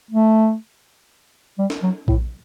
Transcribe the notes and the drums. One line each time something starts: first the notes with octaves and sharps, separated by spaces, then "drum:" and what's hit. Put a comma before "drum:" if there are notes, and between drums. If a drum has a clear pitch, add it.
A3
G3
drum: snare
F#3
A2, drum: kick A#1